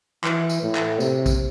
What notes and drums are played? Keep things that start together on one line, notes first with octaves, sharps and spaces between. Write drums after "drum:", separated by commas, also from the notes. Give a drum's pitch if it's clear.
E3, drum: clap
drum: tambourine
A2
drum: clap
C3, drum: tambourine
drum: kick, tambourine